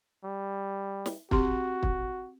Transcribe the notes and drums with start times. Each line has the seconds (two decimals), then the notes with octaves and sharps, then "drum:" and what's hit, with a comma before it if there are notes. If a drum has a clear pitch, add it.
0.24 G3
1.06 drum: snare
1.31 C4 F#4 G4 C6, drum: kick
1.83 drum: kick